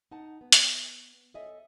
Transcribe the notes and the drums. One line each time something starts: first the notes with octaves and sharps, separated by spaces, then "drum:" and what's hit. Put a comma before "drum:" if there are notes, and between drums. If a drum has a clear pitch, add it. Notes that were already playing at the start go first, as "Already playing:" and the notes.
D#4 F#5 A5
B3
drum: hi-hat
A4 C#5 D#5 E5 G#5